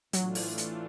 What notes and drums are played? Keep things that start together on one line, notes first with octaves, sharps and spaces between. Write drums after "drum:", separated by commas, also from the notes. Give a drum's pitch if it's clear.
A2 E3 F#3 A3 D4 F4, drum: hi-hat
drum: open hi-hat
drum: hi-hat